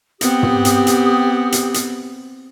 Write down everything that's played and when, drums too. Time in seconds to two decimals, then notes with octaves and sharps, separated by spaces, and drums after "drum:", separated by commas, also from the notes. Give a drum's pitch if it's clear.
0.21 B3 C4 G4 D#6, drum: hi-hat
0.43 drum: tom
0.65 drum: hi-hat
0.87 drum: hi-hat
1.52 drum: hi-hat
1.74 drum: hi-hat